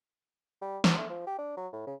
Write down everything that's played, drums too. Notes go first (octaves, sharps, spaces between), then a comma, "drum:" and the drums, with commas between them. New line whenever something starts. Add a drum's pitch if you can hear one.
G3
F#3, drum: snare
A3
F3
G4
D4
F#3
A2
C#3